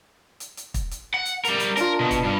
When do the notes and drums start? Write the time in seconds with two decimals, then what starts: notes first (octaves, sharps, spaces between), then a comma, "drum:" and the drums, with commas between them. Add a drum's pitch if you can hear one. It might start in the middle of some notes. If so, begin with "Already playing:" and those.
0.40 drum: hi-hat
0.57 drum: hi-hat
0.74 drum: kick, hi-hat
0.91 drum: hi-hat
1.14 F#5
1.25 drum: hi-hat
1.45 G3 A#4, drum: hi-hat
1.60 drum: hi-hat
1.77 D4 F4 A#4, drum: hi-hat
2.00 B2 A#5
2.11 drum: kick, hi-hat
2.24 G2